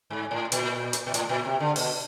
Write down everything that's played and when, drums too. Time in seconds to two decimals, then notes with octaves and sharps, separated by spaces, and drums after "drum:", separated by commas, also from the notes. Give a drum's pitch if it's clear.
0.10 G#2
0.31 A2
0.52 A#2, drum: hi-hat
0.93 drum: hi-hat
1.06 A#2
1.14 A2, drum: hi-hat
1.29 A#2
1.45 C3
1.60 D3
1.76 B2, drum: open hi-hat